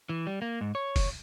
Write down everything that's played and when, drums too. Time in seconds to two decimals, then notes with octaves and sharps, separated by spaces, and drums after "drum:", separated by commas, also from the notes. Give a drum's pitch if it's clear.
0.09 E3
0.27 G3
0.42 A#3
0.61 G#2
0.75 C#5
0.96 drum: kick, open hi-hat